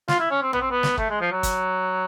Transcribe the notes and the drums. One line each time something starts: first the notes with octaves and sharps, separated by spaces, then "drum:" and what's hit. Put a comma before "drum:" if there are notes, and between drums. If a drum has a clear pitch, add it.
F4, drum: snare
E4
C#4
C4
B3, drum: tom
C4
B3
drum: snare
A3, drum: kick
G#3
F3
F#3
drum: kick, hi-hat